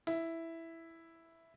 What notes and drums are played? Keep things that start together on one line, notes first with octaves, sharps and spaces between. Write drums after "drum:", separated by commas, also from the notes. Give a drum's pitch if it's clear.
E4, drum: open hi-hat